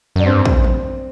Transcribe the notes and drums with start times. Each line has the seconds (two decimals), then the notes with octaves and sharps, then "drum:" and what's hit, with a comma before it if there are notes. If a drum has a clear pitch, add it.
0.16 F#2 D4
0.26 G2 C4
0.45 drum: kick
0.64 drum: tom